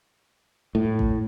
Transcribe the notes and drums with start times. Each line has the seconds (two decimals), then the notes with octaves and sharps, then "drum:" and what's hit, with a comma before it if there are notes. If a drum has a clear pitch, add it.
0.75 A2
0.99 drum: kick A1